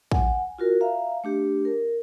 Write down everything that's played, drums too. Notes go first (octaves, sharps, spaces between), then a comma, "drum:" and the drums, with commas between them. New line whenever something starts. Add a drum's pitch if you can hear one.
F#5 G#5, drum: kick
F4 F#4 A#4
E5 F5 A#5
A3 D4 G4
A#4